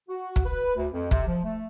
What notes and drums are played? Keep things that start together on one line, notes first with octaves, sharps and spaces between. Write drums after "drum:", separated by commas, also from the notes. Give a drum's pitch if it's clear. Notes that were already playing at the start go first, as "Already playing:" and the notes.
F#4
drum: kick
B4
D2
F2
C3, drum: kick
F3
A3